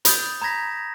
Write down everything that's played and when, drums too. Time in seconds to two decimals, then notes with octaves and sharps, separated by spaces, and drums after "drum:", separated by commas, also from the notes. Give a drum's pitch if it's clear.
0.05 B5 D#6 G6 A6, drum: hi-hat
0.42 A#5 B5 G#6 A#6 B6